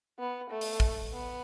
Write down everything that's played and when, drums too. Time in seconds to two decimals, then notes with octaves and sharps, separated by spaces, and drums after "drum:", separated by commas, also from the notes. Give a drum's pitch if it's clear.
0.19 B3
0.50 A3
0.61 drum: open hi-hat
0.80 drum: kick
1.14 B3